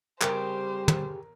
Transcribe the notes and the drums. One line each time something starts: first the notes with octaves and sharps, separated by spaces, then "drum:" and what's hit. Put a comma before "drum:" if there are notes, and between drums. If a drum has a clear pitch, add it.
C#3 G3 C4 G4 A#4 C5, drum: clap
drum: tom